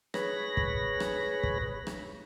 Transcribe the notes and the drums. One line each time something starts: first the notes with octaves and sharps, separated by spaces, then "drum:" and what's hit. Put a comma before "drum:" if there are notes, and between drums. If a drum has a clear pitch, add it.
G#4 B4 C#5 B5 A#6, drum: rim click
drum: kick
drum: rim click
drum: kick
drum: rim click